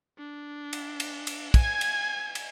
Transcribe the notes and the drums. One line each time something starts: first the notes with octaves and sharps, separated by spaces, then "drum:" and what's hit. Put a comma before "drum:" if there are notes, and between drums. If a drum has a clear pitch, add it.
D4
drum: cymbal
drum: cymbal
drum: cymbal
G#5 G#6, drum: kick, cymbal
drum: cymbal
drum: cymbal